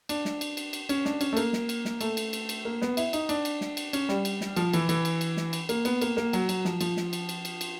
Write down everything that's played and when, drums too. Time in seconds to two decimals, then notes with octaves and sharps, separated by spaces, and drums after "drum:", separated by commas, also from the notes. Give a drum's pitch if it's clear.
0.09 D4, drum: cymbal
0.25 drum: snare
0.41 drum: cymbal
0.57 drum: cymbal
0.73 drum: cymbal
0.89 C#4, drum: cymbal
1.05 D4, drum: snare
1.21 C#4, drum: cymbal
1.33 A3
1.37 A#3, drum: cymbal
1.53 drum: snare
1.69 drum: cymbal
1.85 drum: snare
2.01 A3, drum: cymbal
2.17 drum: cymbal
2.33 drum: cymbal
2.49 drum: cymbal
2.65 A#3
2.82 B3, drum: snare
2.97 E4, drum: cymbal
3.13 D#4, drum: cymbal
3.29 D4, drum: cymbal
3.45 drum: cymbal
3.61 drum: snare
3.77 drum: cymbal
3.93 C#4, drum: cymbal
4.09 G3, drum: snare
4.25 drum: cymbal
4.41 drum: snare
4.56 F3, drum: cymbal
4.73 E3, drum: cymbal
4.89 E3, drum: cymbal
5.05 drum: cymbal
5.21 drum: cymbal
5.37 drum: snare
5.53 drum: cymbal
5.69 A#3, drum: cymbal
5.85 B3, drum: cymbal
6.01 A#3, drum: cymbal
6.17 A#3, drum: snare
6.33 F#3, drum: cymbal
6.49 F#3, drum: cymbal
6.65 F3, drum: snare
6.81 F3, drum: cymbal
6.97 drum: snare
7.13 drum: cymbal
7.29 drum: cymbal
7.45 drum: cymbal
7.61 drum: cymbal